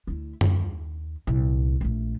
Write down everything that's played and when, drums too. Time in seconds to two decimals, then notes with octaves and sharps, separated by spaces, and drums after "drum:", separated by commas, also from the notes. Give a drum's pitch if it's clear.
0.07 D2 E4
0.41 D#2, drum: tom F#2
1.27 C2 A#2
1.81 A#1 A3